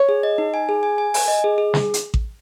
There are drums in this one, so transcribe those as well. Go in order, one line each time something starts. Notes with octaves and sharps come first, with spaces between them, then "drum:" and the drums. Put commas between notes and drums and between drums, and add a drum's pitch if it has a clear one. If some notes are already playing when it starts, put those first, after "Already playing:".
Already playing: C#5
G#4
D#5
D#4
G#5
G#4
G#5
G#5
G#5, drum: open hi-hat
D#5
G#4
G#4
drum: snare
drum: hi-hat
drum: kick A1